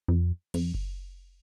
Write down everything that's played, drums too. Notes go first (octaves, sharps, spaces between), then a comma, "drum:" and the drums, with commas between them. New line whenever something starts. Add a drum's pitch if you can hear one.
F2
F2, drum: cymbal
drum: kick F#1